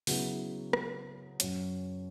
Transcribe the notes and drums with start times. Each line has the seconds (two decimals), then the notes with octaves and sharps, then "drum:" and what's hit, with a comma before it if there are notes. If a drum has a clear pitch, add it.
0.07 C#3 F#3 B3 E4, drum: open hi-hat
0.73 drum: rim click
1.40 F#2 F#3 C#4, drum: hi-hat